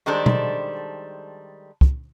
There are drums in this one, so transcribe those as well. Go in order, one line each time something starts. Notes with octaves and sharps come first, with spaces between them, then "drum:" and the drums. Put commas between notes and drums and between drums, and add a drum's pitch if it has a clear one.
D#3 G3 G#3 D4 A4 C5
drum: tom B2
drum: kick